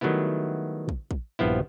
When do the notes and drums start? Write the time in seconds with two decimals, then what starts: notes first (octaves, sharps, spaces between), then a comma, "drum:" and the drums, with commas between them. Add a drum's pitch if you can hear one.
0.01 D#3 F#3 G3 A3 B3 E4
0.89 drum: kick
1.11 drum: kick
1.39 A#1 G2 F3 B3 E4